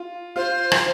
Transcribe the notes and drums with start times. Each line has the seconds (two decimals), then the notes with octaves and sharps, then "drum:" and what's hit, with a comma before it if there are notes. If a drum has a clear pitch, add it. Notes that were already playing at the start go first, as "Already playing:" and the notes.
Already playing: F4
0.36 F4 C5
0.72 drum: rim click